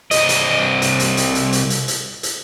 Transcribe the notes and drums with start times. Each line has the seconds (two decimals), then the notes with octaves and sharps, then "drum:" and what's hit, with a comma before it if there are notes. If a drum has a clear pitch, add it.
0.11 C2 D#5, drum: hi-hat
0.29 drum: hi-hat
0.82 drum: hi-hat
0.99 drum: hi-hat
1.17 drum: hi-hat
1.35 drum: hi-hat
1.52 drum: hi-hat
1.70 drum: hi-hat
1.88 drum: hi-hat
2.23 drum: hi-hat